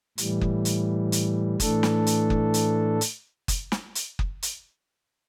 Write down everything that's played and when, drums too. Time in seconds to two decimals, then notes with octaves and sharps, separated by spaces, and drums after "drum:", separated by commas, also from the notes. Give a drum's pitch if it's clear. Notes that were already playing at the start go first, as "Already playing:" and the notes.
0.18 A2 E3 G3, drum: hi-hat
0.41 drum: kick F#1
0.65 drum: hi-hat
1.12 drum: hi-hat
1.60 A2 E3 A3 D4 A4, drum: kick F#1, hi-hat
1.83 drum: snare
2.07 drum: hi-hat
2.30 drum: kick F#1
2.54 drum: hi-hat
3.01 drum: hi-hat
3.48 drum: kick F#1, hi-hat
3.72 drum: snare
3.95 drum: hi-hat
4.19 drum: kick F#1
4.42 drum: hi-hat